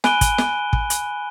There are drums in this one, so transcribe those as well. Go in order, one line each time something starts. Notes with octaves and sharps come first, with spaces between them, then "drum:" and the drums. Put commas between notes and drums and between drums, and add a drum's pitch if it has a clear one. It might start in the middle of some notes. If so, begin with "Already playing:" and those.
G#5 B5 F#6 D7 D#7 G7, drum: snare
drum: kick, hi-hat
drum: snare
drum: kick
drum: hi-hat